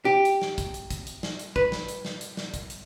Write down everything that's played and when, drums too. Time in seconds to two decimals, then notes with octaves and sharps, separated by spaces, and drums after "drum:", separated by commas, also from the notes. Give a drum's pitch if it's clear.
0.05 G4
0.25 drum: hi-hat
0.42 drum: snare
0.58 drum: kick, hi-hat
0.74 drum: hi-hat
0.90 drum: kick, hi-hat
1.07 drum: hi-hat
1.23 drum: snare
1.39 drum: hi-hat
1.56 B4, drum: kick
1.72 drum: snare
1.88 drum: hi-hat
2.05 drum: snare
2.21 drum: hi-hat
2.37 drum: snare
2.54 drum: kick, hi-hat
2.70 drum: hi-hat